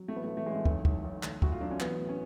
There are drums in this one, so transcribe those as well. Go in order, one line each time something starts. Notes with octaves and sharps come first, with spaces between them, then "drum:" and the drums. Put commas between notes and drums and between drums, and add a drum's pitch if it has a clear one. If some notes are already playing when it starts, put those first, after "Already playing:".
Already playing: F#3
A1 A3
B3
A1 A3
A3
A1 G#3
A3
B1 A3, drum: kick
B1, drum: kick
B1
D2, drum: clap
D2 F#4, drum: kick
F4
F#3 D4
C#4
A1 B3, drum: clap
A2
C#4